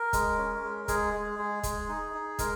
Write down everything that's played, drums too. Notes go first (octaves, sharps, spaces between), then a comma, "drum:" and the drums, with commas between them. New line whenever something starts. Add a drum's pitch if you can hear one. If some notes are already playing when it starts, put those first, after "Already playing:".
Already playing: A#4
G#3, drum: kick, hi-hat
C#4
G#3
G#3 G#4, drum: kick, hi-hat
G#3
G#3
G#3, drum: kick, hi-hat
D#4
D#4
G#3 A#4, drum: kick, hi-hat